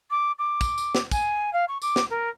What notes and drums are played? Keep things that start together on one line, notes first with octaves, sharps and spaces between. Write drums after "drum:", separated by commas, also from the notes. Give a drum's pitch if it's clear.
D6
D6
drum: kick, tambourine
drum: tambourine
drum: snare
G#5, drum: kick, tambourine
F5
C#6
D6, drum: tambourine
drum: snare
A#4